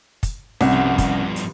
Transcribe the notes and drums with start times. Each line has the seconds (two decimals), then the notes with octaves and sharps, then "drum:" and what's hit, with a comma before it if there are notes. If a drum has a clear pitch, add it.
0.23 drum: kick, hi-hat
0.61 C2 C#4 F#5, drum: snare D4
0.72 G2 F3
0.98 drum: kick, hi-hat
1.36 drum: hi-hat